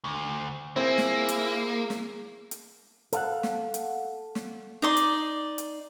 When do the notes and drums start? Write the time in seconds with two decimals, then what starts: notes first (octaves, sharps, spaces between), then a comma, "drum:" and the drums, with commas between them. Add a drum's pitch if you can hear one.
0.04 D2
0.76 A#3 C4 E4 F4 G#4
0.98 drum: snare
1.29 drum: hi-hat
1.90 drum: snare
2.51 drum: hi-hat
3.13 A4 F5 F#5, drum: hi-hat
3.43 drum: snare
3.74 drum: hi-hat
4.35 drum: snare
4.82 D#4 D5 C6
4.97 drum: hi-hat
5.58 drum: hi-hat